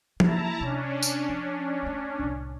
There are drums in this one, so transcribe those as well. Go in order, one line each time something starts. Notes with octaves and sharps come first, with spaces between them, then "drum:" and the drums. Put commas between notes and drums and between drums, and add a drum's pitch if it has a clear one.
A#3 E4 A5 A#5, drum: tom F3
C3 C#4 D4
drum: tambourine
F3
A3 C4
C2 A2